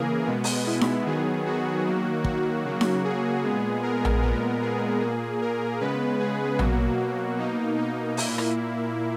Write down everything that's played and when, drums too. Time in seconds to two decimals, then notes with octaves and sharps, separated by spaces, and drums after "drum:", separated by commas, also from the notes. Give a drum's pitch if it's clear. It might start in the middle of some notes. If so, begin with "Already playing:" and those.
Already playing: C#3 E3 A#3 G#4 A#4
0.27 B2 G#3 B3
0.44 drum: open hi-hat
0.67 E4
0.81 drum: snare D#4
1.06 D#3 F#3 B3 G#4
1.46 F#4
1.86 D#3 F#3 A#3
2.24 F#4, drum: kick
2.65 C#3 F#3 A#3
2.81 drum: snare D#4
3.04 G#4
3.43 A#2 G#3 B3
3.83 A#4
4.05 drum: tom A#1
4.22 A#2 G#3 B3 A#4
4.62 G#4
5.01 A#2 A#3
5.41 A#4
5.80 C#3 G#3 B3 B4
6.20 G#4
6.59 B2 F#3 A#3 F#4, drum: tom A#1
7.39 B2 A#3 D#4
7.78 D#4
8.17 A#2 A#3 E4, drum: open hi-hat
8.38 drum: rim click